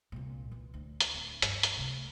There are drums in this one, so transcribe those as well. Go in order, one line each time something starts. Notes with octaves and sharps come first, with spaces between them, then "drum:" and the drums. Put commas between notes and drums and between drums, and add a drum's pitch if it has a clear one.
C2 A#2
E3
D2
drum: hi-hat
D1
G2 F3, drum: hi-hat
drum: hi-hat
C3 A3